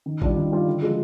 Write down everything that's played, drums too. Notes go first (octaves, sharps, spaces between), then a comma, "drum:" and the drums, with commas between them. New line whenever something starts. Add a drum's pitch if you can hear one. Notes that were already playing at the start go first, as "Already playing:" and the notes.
D#3
G3 D4 F4, drum: kick
D#3
G3 D4 F4
D3
F3 G#3